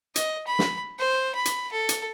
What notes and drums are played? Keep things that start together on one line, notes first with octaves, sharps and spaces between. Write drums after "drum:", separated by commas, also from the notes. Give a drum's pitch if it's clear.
D#5, drum: hi-hat
B5
drum: snare
C5
B5
drum: hi-hat
A4
drum: hi-hat